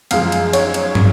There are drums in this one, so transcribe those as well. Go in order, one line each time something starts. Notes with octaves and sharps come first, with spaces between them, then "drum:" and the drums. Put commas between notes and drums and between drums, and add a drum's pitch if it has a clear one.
F#2 F3 G#3 F5, drum: cymbal
drum: cymbal
C#5, drum: cymbal
drum: cymbal
drum: tom